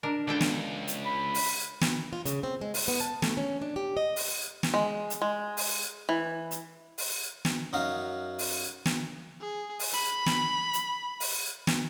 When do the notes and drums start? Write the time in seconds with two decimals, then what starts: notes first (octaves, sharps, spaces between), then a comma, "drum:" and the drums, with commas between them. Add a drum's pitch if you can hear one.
0.03 D4 A#4
0.27 C#2 D4 A4 G5
0.41 drum: snare
0.88 drum: hi-hat
1.06 B5
1.34 drum: open hi-hat
1.81 drum: snare
2.13 F4
2.26 C#3, drum: hi-hat
2.43 C4
2.61 G#3
2.74 E2, drum: open hi-hat
2.88 B3
3.00 A5
3.22 A3, drum: snare
3.37 C#4
3.61 D4
3.76 G4
3.97 D#5
4.16 drum: open hi-hat
4.63 drum: snare
4.74 G#3
5.10 drum: hi-hat
5.21 G#3
5.57 drum: open hi-hat
6.09 E3
6.51 drum: hi-hat
6.98 drum: open hi-hat
7.45 drum: snare
7.73 F#2 D#4 F#4 F5
8.39 drum: open hi-hat
8.86 drum: snare
9.41 G#4
9.79 drum: open hi-hat
9.93 B5
10.26 drum: snare
10.73 drum: hi-hat
11.20 drum: open hi-hat
11.67 drum: snare